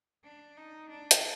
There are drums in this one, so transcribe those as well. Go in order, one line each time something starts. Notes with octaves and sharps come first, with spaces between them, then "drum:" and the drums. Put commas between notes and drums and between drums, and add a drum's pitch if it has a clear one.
D4
D#4
D4
drum: hi-hat